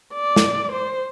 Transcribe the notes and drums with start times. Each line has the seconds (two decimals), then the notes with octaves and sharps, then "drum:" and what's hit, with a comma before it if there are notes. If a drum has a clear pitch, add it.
0.14 D5
0.36 drum: snare
0.72 C5